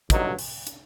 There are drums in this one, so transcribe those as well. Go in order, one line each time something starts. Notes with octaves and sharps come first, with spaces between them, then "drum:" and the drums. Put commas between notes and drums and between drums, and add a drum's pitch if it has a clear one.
A1 G2 F#3 D#4, drum: kick, hi-hat
drum: open hi-hat
drum: hi-hat